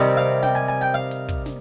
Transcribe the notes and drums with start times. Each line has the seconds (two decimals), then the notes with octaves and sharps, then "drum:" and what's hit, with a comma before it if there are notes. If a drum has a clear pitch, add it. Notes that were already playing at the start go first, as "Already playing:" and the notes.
Already playing: C3 D#3 G3 C4
0.17 F5
0.43 G5, drum: snare
0.55 G#5
0.69 G#5
0.81 G5
0.94 F5, drum: open hi-hat
1.11 drum: hi-hat
1.29 drum: kick, hi-hat
1.46 drum: snare